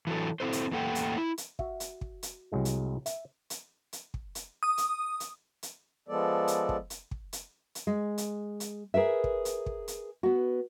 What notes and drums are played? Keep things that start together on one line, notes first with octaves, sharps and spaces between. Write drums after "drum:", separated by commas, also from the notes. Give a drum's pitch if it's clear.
E3 F#3 A4
C4 C#4 E4 A4 C5
drum: hi-hat
E2 A3 A#3 A4 F#5 G5
drum: hi-hat
E4
drum: hi-hat
F#4 E5, drum: kick
drum: hi-hat
drum: kick
drum: hi-hat
C2 F#3 G#3
drum: hi-hat
E5, drum: hi-hat
drum: hi-hat
drum: hi-hat
drum: kick
drum: hi-hat
D#6
drum: hi-hat
drum: hi-hat
drum: hi-hat
F3 G#3 B3 A4 D5
drum: hi-hat
drum: kick
drum: hi-hat
drum: kick
drum: hi-hat
drum: hi-hat
G#3
drum: hi-hat
drum: hi-hat
G#4 A#4 B4 E5
drum: kick
drum: hi-hat
drum: kick
drum: hi-hat
B3 F#4